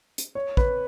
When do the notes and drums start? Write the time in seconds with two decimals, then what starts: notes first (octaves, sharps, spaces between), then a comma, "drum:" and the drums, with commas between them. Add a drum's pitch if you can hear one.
0.18 drum: hi-hat
0.35 C#5
0.57 B4, drum: kick